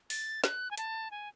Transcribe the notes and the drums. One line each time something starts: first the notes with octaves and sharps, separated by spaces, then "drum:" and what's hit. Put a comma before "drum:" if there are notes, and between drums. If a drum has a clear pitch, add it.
A6, drum: open hi-hat
F#6, drum: snare
G#5
A5, drum: hi-hat
G#5